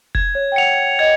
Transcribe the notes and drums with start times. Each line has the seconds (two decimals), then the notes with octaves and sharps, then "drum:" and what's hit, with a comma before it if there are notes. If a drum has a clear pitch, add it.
0.15 G#6, drum: kick F1
0.35 C#5
0.52 G5
0.56 F#5 C#7 F7
0.99 D#5 G#6